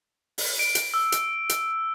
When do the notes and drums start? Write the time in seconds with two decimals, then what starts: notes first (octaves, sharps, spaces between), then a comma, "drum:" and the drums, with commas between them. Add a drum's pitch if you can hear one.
0.38 drum: open hi-hat
0.59 D7
0.75 drum: hi-hat
0.94 E6
1.12 drum: hi-hat
1.49 drum: hi-hat